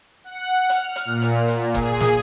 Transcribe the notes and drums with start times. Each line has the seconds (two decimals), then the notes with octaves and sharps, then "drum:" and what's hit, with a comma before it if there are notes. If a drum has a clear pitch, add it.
0.24 F#5
0.69 F6, drum: hi-hat
0.96 drum: hi-hat
1.05 A#2
1.22 drum: hi-hat
1.48 drum: hi-hat
1.74 G#4, drum: kick F#1, hi-hat
2.00 drum: snare